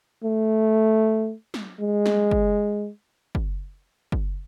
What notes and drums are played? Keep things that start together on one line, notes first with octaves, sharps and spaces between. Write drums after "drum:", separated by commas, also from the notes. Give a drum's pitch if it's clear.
A3
drum: snare
G#3
drum: snare
drum: kick
drum: kick
drum: kick